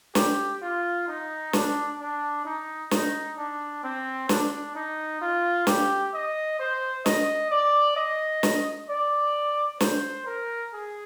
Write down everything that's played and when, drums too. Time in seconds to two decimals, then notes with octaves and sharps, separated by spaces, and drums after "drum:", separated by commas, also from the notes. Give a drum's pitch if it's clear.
0.15 G4, drum: snare
0.62 F4
1.08 D#4
1.53 D4, drum: snare
2.00 D4
2.45 D#4
2.91 D#4, drum: snare
3.38 D4
3.83 C4
4.29 D4, drum: snare
4.75 D#4
5.21 F4
5.67 G4, drum: snare
6.14 D#5
6.59 C5
7.06 D#5, drum: snare
7.51 D5
7.96 D#5
8.43 drum: snare
8.90 D5
9.80 C5, drum: snare
10.26 A#4
10.73 G#4